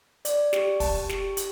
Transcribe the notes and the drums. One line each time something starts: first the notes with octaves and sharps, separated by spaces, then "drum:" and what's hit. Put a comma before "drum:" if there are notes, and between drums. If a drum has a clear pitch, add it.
D5, drum: hi-hat
G4, drum: snare
A5, drum: kick, open hi-hat
G4, drum: snare
G4, drum: hi-hat